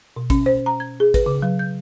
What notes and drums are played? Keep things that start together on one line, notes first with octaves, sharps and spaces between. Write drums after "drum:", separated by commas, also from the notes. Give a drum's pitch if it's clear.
B2
C#4, drum: kick G#1, hi-hat
C5
A#5
G#6
G#4
B4, drum: kick G#1, hi-hat
C#3
F#3
G6